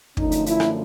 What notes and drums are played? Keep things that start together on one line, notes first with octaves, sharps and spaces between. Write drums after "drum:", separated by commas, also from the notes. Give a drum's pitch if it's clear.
F#2 D3 F3 A3 C#4 D#4, drum: kick
drum: hi-hat
E4, drum: hi-hat
drum: rim click